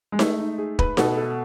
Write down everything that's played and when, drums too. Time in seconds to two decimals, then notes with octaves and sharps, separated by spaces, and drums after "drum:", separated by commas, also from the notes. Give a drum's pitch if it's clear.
0.12 G#3
0.19 A3 G#4, drum: snare D#4
0.39 D#4
0.58 G#4
0.79 B4, drum: kick
0.97 B2 B3 A4, drum: snare D#4
1.17 A4